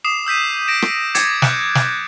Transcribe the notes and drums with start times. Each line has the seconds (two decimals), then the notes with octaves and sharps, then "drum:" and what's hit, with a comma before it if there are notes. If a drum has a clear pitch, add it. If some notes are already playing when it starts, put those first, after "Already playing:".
0.04 D6 D#6 C7 E7
0.26 E6 G6 B6 D#7
0.68 A#6 D7 E7
0.82 drum: rim click
1.15 D6 G#6 A6 C#7, drum: hi-hat
1.42 F#6 G6, drum: snare
1.75 drum: snare